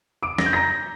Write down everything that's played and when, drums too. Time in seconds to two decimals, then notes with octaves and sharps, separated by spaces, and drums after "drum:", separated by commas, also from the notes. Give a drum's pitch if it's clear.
0.22 D6 D7
0.38 A#6, drum: snare
0.46 G6
0.53 A#5 A#6